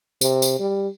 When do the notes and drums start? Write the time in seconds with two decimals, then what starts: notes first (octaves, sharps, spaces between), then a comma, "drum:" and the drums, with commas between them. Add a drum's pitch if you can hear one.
0.21 C3, drum: tambourine
0.42 drum: tambourine
0.60 G3